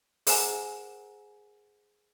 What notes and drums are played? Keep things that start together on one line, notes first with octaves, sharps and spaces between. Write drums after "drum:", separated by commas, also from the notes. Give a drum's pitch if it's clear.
G#4 A#4 C5 F#5 G#5 A#5, drum: open hi-hat